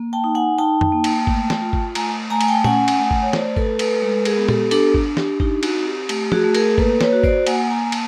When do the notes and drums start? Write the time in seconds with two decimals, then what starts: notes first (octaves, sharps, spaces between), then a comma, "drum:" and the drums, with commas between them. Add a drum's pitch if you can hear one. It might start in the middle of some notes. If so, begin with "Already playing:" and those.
Already playing: A#3
0.13 G5 A5
0.24 D#4
0.35 F#5 G#5
0.58 D#4 G5 A5
0.81 drum: tom F2
0.92 A#3
1.04 drum: cymbal
1.27 A3, drum: kick G#1
1.50 drum: snare
1.62 F4
1.73 drum: kick G#1
1.95 A3 G#5 A#5, drum: cymbal
2.30 A3 G#5 A#5
2.41 G#5, drum: cymbal
2.48 G5 A5
2.64 C#4 F#5 G#5, drum: tom A#2
2.88 drum: cymbal
2.99 A3
3.11 drum: kick G#1
3.22 C#5
3.33 A3 C5 D5, drum: snare
3.57 A4 B4, drum: kick G#1
3.68 A3
3.79 A4 B4, drum: cymbal
4.02 G#3 A4 B4
4.25 G#4 A#4, drum: cymbal
4.37 B3
4.48 G4 A4, drum: tom A#2
4.71 D4 G4 A4, drum: cymbal
4.94 drum: kick G#1
5.06 D4
5.17 G4, drum: snare
5.40 D#4 G4, drum: kick G#1
5.63 F#4, drum: cymbal
5.75 C4
5.86 G4
6.09 A3 G4, drum: cymbal
6.32 F#4 G#4, drum: tom
6.44 A3
6.55 G#4 A#4, drum: cymbal
6.78 A#3 A4 B4, drum: kick G#1
7.01 B4 C#5, drum: snare
7.13 F#4
7.24 C5 D5, drum: kick G#1
7.46 A#3 F#5 G#5, drum: cymbal
7.70 G#5 A#5
7.82 A#3
7.92 A5, drum: cymbal